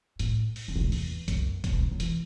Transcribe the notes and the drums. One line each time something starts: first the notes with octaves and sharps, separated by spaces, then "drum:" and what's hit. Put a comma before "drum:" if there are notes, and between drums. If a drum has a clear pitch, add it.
A2, drum: hi-hat
drum: open hi-hat
D3
B2
A2
E2, drum: open hi-hat
F#2, drum: kick, hi-hat
A2, drum: kick, hi-hat
B2
D3
F#3
E3, drum: hi-hat